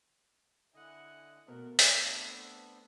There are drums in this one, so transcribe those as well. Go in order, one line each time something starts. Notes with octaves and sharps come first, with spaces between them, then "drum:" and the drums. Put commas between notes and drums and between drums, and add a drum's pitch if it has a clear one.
D3 E4 D#5 F#5 G#5
B2 A3 A#4
B3 C4 D4 A4 D6, drum: open hi-hat